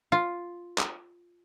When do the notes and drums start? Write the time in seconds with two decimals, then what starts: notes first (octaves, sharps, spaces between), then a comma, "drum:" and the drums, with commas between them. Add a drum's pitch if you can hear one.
0.12 F4
0.78 drum: clap